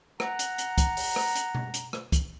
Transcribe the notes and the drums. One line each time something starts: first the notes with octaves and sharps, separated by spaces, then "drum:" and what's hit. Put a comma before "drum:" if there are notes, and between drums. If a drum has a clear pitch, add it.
F#5 A#5, drum: rim click
drum: hi-hat
drum: hi-hat
drum: kick, hi-hat
drum: open hi-hat
drum: rim click
drum: hi-hat
drum: tom B2
drum: hi-hat
drum: rim click
drum: kick, hi-hat